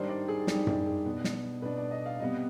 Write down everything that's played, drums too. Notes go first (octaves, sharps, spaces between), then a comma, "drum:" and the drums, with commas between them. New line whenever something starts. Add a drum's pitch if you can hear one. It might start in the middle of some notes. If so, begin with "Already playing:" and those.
Already playing: G#2 D#3 G3 D4 C5
D5
G#4
G#2 D#3 G3 D4 G4, drum: snare
drum: tom F#2
G#4
B2 B3 D4
drum: snare
B2 B3 D4 B4
D5
D#5
F5
C3 G3 B3 D#5